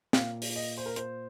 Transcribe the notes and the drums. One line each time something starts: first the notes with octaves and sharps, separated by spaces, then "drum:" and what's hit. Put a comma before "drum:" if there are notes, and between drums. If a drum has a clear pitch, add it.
A#2 A#3 F5, drum: snare
drum: open hi-hat
D#5
C5
A#4
C5, drum: hi-hat